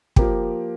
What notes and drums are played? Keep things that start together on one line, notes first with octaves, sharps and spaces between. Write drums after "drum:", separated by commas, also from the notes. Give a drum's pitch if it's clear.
F3 A#3 G4, drum: kick